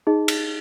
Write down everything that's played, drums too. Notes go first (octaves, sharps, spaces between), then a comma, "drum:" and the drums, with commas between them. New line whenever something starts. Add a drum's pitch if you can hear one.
D#4 G#4 D#5
drum: cymbal